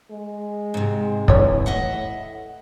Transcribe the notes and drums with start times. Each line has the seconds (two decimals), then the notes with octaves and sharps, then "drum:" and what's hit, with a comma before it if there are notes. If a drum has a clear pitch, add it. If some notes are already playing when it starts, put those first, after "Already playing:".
0.10 G#3
0.74 G#2 C3
1.28 D3 E3 C#5, drum: kick
1.66 A2 D#5 E5 F#5